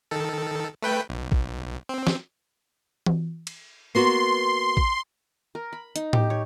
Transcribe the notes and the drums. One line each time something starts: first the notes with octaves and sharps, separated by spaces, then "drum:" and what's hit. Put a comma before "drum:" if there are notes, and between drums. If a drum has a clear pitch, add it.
D#3 A4
A3 B4 G5
B1
drum: kick A1
C4
drum: snare
drum: tom E3
drum: cymbal
A#3 B3 F#4 C6
drum: kick A1
A#4
B5
D#4, drum: hi-hat
G4, drum: tom A2
C#5